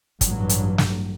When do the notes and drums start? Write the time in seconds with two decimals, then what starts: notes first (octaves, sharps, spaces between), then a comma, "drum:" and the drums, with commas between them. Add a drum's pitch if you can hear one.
0.21 A1 G2 F#3, drum: kick, hi-hat
0.49 drum: hi-hat
0.78 drum: snare